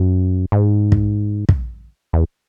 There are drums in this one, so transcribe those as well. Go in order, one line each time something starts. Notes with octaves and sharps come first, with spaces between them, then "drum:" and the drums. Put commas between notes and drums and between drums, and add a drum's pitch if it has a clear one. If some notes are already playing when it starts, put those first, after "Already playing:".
Already playing: F#2
G#2
drum: kick
drum: kick
E2